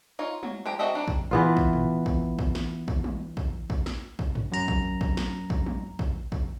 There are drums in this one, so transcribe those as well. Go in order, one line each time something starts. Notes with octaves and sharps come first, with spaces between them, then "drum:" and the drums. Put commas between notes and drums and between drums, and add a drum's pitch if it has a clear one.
D#4 F4 C#5
F#3, drum: tom
F3 G4 G5 A#5
C4 F#4 A4 D#5 E5
G3 D4 D#4
drum: kick
E3 B3 F4
drum: kick
drum: tom
drum: kick
drum: kick
drum: snare
drum: kick
drum: tom
drum: kick
drum: kick
drum: snare
drum: kick
drum: tom
F#2 A#5
drum: kick
drum: kick
drum: snare
drum: kick
drum: tom
drum: kick
drum: kick